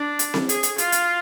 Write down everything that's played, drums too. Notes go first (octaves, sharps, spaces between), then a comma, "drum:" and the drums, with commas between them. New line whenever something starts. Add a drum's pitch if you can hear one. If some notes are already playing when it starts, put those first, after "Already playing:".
Already playing: D4
drum: hi-hat
drum: snare C4
G#4, drum: hi-hat
drum: hi-hat
F4, drum: hi-hat
drum: hi-hat